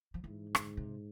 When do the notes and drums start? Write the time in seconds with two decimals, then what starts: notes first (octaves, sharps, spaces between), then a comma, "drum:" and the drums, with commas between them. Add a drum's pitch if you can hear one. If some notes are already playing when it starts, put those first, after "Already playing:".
0.14 F3
0.24 G#2 E3
0.55 D3, drum: rim click
0.77 C3